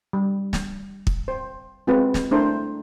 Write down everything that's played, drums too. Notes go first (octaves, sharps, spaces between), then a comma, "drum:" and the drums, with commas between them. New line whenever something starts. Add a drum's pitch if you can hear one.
G3
drum: snare
drum: kick
C5
G#3 C4 F4 F#4 B4
drum: snare
A3 D4 E4 A4 A#4 C5